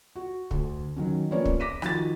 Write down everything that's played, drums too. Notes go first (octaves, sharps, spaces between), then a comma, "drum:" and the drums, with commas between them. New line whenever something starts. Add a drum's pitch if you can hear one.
F#4
D2, drum: kick
D#3 F#3 C#4
F3 A#3 B3 C#4 C#5 D5
drum: kick
D6 A#6 B6 D#7
D#3 F3 F#4 A6, drum: rim click